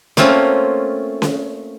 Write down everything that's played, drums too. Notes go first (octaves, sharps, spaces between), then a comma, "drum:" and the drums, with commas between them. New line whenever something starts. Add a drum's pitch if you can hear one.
A3 A#3 C4 C#4 F4, drum: snare C#4
drum: snare C#4